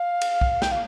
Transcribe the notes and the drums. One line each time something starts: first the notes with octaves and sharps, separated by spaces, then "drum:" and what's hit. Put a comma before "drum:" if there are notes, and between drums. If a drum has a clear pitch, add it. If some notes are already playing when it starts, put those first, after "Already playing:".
Already playing: F5
drum: cymbal
drum: kick
G5, drum: snare
F5